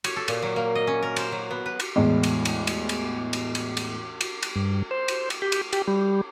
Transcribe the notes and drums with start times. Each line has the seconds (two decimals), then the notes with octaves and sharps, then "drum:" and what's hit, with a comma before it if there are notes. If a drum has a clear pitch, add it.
0.04 C#5, drum: cymbal
0.16 A4
0.28 A#2, drum: cymbal
0.42 F#3
0.56 A#3
0.75 D#5
0.87 C#4
1.03 A#4
1.16 C5, drum: cymbal
1.32 F#3
1.51 B3
1.66 B4
1.80 drum: cymbal
1.96 E2 A2 G#3
2.23 drum: cymbal
2.45 drum: cymbal
2.67 drum: cymbal
2.89 drum: cymbal
3.33 drum: cymbal
3.55 drum: cymbal
3.77 drum: cymbal
4.21 drum: cymbal
4.43 drum: cymbal
4.56 G2
4.91 C5
5.08 drum: cymbal
5.30 drum: cymbal
5.42 G4
5.52 drum: cymbal
5.73 G4, drum: cymbal
5.88 G3